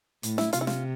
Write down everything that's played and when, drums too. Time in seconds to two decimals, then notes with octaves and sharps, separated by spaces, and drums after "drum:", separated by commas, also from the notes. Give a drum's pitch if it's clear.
0.23 A2, drum: hi-hat
0.38 E4, drum: snare
0.53 C3 F4, drum: hi-hat
0.61 E4
0.67 F4, drum: snare